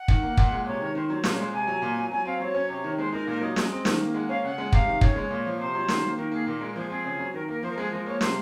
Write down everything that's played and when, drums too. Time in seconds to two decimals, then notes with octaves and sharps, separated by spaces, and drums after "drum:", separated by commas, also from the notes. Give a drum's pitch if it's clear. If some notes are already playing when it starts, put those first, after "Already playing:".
Already playing: F#5
0.08 D#3, drum: kick
0.23 A#3
0.37 A#2, drum: kick
0.52 G#3
0.66 C3 C#5
0.81 D#3
0.95 D#3 C5
1.10 F#3
1.24 A#2 C5, drum: snare
1.33 C#5
1.39 G#3 C5
1.53 C3 G#5
1.67 F#3
1.82 A#2
1.97 F#3
2.11 F#3 G#5
2.25 C4 F5
2.40 F#3 C#5
2.54 C#4
2.69 C3
2.84 D#3
2.98 G#3 C5
3.12 D#4 A#4
3.27 A#2 A#4
3.41 F#3 D#5
3.56 G#3, drum: snare
3.71 C4
3.85 D#3, drum: snare
4.00 A#3
4.14 G#3 F#5
4.29 C#4 F5
4.43 C#3 F#5
4.58 G#3
4.72 C3 F5, drum: kick
4.87 D#3
5.01 C#3 C#5, drum: kick
5.16 G#3
5.31 A#2
5.45 F3
5.56 C#5
5.59 C3 C5
5.75 F#3
5.88 D#3, drum: snare
6.03 A#3
6.17 D#3 A#4
6.32 A#3 G#4
6.47 A#2 A#4
6.61 G#3
6.76 F3 G#4
6.90 C4 G#4
7.05 C#3
7.19 F#3
7.34 D#3 A#4
7.48 A#3 A#4
7.62 F3 C5
7.70 A#4
7.77 G#3 G#4
7.91 F3 A#4
8.06 A#3 C#5
8.21 C3 C5, drum: snare